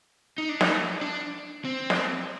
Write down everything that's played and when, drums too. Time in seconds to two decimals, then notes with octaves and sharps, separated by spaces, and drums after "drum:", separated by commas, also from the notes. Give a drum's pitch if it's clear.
0.38 D#4
0.49 D4
0.61 D#4, drum: snare
1.01 D4
1.65 C4
1.90 drum: snare